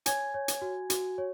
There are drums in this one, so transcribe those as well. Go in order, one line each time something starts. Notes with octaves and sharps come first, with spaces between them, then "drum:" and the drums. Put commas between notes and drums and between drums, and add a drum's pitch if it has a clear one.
C#5 G#5 G#6, drum: hi-hat
C#5
drum: hi-hat
F#4
F#4, drum: hi-hat
C#5